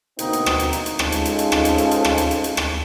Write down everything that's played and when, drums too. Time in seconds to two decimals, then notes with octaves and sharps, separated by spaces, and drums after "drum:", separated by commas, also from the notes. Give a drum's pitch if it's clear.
0.19 D2 B2 A#3 C4 D#4, drum: hi-hat
0.33 drum: hi-hat
0.46 drum: rim click
0.60 drum: hi-hat
0.73 drum: hi-hat
0.86 drum: hi-hat
0.99 G#2 C#4 D#4 F4 A4, drum: rim click
1.12 drum: hi-hat
1.25 drum: hi-hat
1.39 drum: hi-hat
1.52 drum: rim click
1.65 drum: hi-hat
1.78 drum: hi-hat
1.91 drum: hi-hat
2.05 drum: rim click
2.18 drum: hi-hat
2.31 drum: hi-hat
2.44 drum: hi-hat
2.57 drum: rim click